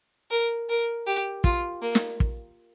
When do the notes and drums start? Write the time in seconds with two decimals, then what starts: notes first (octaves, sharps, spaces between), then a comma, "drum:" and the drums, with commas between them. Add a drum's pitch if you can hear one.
0.31 A#4
0.69 A#4
1.07 G4
1.44 F4, drum: kick
1.82 A#3
1.95 drum: snare
2.20 drum: kick